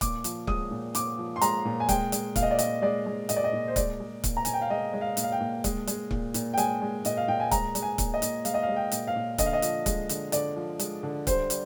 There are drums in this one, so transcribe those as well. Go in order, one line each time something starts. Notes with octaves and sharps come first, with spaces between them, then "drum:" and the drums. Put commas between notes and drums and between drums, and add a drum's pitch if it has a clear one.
A#2 D6, drum: kick C#1, hi-hat
F3, drum: hi-hat
G#3 D#6, drum: kick C#1
A#2
A#2 D6, drum: hi-hat
F3
C6
G#3 A#5, drum: hi-hat
A#2
G#5
G#3 G5, drum: kick C#1, hi-hat
G#3, drum: hi-hat
A#2 F5, drum: kick C#1, hi-hat
D#5
D5
A#2 D#5, drum: hi-hat
G#3 D5
G#3
A#2 D#5, drum: hi-hat
D5
D#5
A#2
C5
G#3 D5, drum: kick C#1, hi-hat
G#3
A#2, drum: kick C#1, hi-hat
A#5
A#2 G#5, drum: hi-hat
G5
F5
G#3 D#5
G#3
F5
A#2, drum: hi-hat
F5
G5
A#2
G#3, drum: kick C#1, hi-hat
G#3, drum: hi-hat
A#2, drum: kick C#1
A#2, drum: hi-hat
G5
G#3 G#5, drum: hi-hat
G#3
A#2 D#5, drum: hi-hat
F5
A#2 G5
G#5
G#3 A#5, drum: kick C#1, hi-hat
G#3, drum: hi-hat
G#5
A#2, drum: kick C#1, hi-hat
D#5
A#2, drum: hi-hat
G#3 F5, drum: hi-hat
D#5
F5
G#3
G5
A#2, drum: hi-hat
F5
A#2
D3 D#5, drum: kick C#1, hi-hat
F5
D#5
F3, drum: hi-hat
G#3, drum: kick C#1, hi-hat
D3, drum: hi-hat
D3 D5, drum: hi-hat
F3
G#3, drum: hi-hat
D3
G3 C5, drum: kick C#1, hi-hat
G3, drum: hi-hat